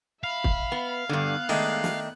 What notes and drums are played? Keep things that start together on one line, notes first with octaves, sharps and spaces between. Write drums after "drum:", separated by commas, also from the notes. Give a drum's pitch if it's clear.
E5 F5 B5
drum: kick
B3
G2 D3 B3 F#6
D#3 G#3 A3 D4
drum: snare